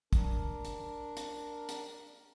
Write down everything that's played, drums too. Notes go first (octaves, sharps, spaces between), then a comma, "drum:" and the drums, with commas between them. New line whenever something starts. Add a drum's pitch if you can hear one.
D4 A#4, drum: kick, hi-hat
drum: hi-hat
drum: hi-hat
drum: hi-hat